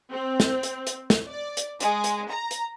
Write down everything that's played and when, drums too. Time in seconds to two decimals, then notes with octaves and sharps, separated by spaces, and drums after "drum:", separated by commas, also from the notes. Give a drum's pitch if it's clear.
0.12 C4
0.40 drum: snare
0.63 drum: hi-hat
0.87 drum: hi-hat
1.10 drum: snare
1.27 D5
1.57 drum: hi-hat
1.80 G#3, drum: hi-hat
2.04 drum: hi-hat
2.31 A#5
2.51 drum: hi-hat